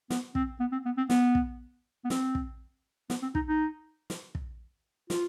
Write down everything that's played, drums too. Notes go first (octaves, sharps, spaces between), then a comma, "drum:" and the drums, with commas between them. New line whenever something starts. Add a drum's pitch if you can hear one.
B3, drum: snare
C4, drum: kick
B3
C4
B3
C4
B3, drum: snare
drum: kick
B3
C4, drum: snare
drum: kick
B3, drum: snare
C4
D#4, drum: kick
D#4
drum: snare
drum: kick
F4, drum: snare